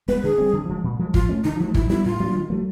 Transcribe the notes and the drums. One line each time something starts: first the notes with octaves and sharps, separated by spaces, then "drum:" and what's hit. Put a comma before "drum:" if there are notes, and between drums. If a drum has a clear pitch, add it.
G#3 B3 B4
D3 G#4
G3 C4
D3
F3 G#3
A#2
F3 G#3
F3 F4, drum: kick G1
A3 C#4
D3 D#4
F3 A3 E4
D#3 E4, drum: kick G1
F#3 B3 D4 E4
A2 F4
F#3 A#3 D4
D#3
F#3 A3